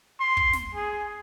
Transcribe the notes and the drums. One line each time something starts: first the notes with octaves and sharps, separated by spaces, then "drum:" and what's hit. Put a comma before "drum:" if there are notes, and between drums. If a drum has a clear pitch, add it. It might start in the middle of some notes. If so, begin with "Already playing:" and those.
C6
drum: kick
drum: snare
G#4